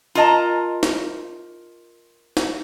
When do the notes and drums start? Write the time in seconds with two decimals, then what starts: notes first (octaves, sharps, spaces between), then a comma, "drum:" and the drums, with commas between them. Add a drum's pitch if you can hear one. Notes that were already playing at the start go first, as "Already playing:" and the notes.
0.15 F4 A#4 D#5 A5 A#5, drum: tambourine
0.83 drum: snare
2.37 drum: snare